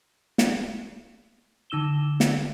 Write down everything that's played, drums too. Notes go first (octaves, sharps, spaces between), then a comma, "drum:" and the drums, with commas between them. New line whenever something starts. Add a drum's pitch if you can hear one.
drum: snare
D3 D#4 E6 E7 G7
drum: snare